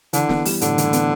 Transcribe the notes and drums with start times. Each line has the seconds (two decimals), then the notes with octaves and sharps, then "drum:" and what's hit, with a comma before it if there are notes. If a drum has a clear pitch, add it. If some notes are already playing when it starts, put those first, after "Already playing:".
0.13 D3 E3, drum: hi-hat
0.29 B3, drum: snare
0.45 G3, drum: open hi-hat
0.61 A2 D3, drum: hi-hat
0.78 E3, drum: hi-hat
0.93 B3, drum: hi-hat